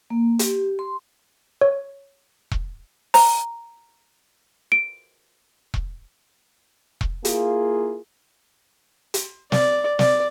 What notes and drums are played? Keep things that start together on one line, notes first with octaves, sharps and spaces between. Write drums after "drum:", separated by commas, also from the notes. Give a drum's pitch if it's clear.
A#3
G4, drum: hi-hat
C6
C#5
drum: kick E1
A#5, drum: open hi-hat
D7
drum: kick E1
drum: kick E1
A#3 E4 F4 G#4, drum: hi-hat
drum: hi-hat
D5, drum: snare
D5, drum: snare